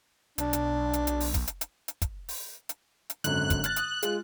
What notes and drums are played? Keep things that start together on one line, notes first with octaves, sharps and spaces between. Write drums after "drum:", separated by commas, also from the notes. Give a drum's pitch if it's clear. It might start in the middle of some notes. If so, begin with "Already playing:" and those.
B1 D4, drum: hi-hat
drum: hi-hat
drum: hi-hat
drum: hi-hat
drum: open hi-hat
drum: kick, hi-hat
drum: hi-hat
drum: hi-hat
drum: hi-hat
drum: kick, hi-hat
drum: open hi-hat
drum: hi-hat
drum: hi-hat
G#1 F#2 D3 F#6, drum: hi-hat
drum: kick, hi-hat
F6 A6, drum: hi-hat
D#6, drum: hi-hat
G#3 F4, drum: hi-hat